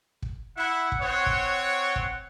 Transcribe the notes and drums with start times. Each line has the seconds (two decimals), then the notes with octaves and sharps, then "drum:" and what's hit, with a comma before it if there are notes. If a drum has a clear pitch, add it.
0.22 drum: kick
0.57 E4 F#5
0.92 drum: kick
1.01 C4 C#5
1.26 drum: kick
1.96 drum: kick